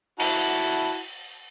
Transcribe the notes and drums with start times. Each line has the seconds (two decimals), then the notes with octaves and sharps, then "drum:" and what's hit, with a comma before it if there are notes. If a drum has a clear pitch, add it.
0.20 E4 F#4 A5, drum: open hi-hat